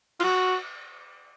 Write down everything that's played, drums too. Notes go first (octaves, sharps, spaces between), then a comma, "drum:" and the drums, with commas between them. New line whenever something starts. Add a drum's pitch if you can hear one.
F4, drum: cymbal
F#4